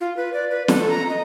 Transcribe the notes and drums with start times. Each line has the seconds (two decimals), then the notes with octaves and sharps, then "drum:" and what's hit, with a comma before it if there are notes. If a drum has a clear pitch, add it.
0.01 F4
0.17 B4
0.33 D5
0.51 B4
0.68 A4, drum: snare
0.89 A#5
1.09 D#5